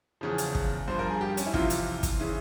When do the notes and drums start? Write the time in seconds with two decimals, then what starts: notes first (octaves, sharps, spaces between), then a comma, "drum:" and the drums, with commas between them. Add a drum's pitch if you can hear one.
0.21 E2 C#3 F3
0.38 drum: hi-hat
0.55 drum: kick
0.88 G2 F3 C5
0.99 A#4
1.10 G#4
1.21 G4
1.37 C#4, drum: hi-hat
1.46 E4
1.54 F2 C3 E3 F4, drum: kick
1.70 drum: hi-hat
2.03 drum: kick, hi-hat
2.20 C#3 E3